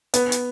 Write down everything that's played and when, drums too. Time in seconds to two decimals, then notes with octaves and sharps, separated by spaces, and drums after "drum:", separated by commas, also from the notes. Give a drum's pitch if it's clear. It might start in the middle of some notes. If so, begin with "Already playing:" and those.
0.14 B3, drum: hi-hat
0.32 drum: hi-hat